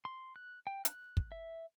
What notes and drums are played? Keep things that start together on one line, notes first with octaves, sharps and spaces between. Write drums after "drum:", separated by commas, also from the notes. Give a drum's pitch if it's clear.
C6
F#6
G5
F#6, drum: hi-hat
drum: kick
E5